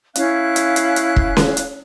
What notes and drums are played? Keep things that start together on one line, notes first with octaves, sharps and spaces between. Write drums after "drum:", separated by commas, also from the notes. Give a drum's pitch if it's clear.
C#4 E4 F5 F#6, drum: hi-hat
drum: hi-hat
drum: hi-hat
drum: hi-hat
drum: kick
drum: snare C#4
drum: hi-hat